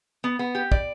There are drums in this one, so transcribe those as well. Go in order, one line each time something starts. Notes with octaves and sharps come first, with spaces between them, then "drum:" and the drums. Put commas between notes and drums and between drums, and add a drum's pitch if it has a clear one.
B3
B3
G4
D5, drum: kick